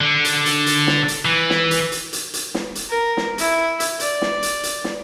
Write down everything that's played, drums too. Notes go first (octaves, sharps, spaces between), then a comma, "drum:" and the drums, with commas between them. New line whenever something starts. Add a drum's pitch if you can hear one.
D3
drum: hi-hat
drum: hi-hat
drum: hi-hat
drum: snare
drum: hi-hat
E3
drum: snare
drum: hi-hat
drum: hi-hat
drum: hi-hat
drum: hi-hat
drum: snare
drum: hi-hat
A#4
drum: snare
E4, drum: hi-hat
drum: hi-hat
D5, drum: hi-hat
drum: snare
drum: hi-hat
drum: hi-hat
drum: snare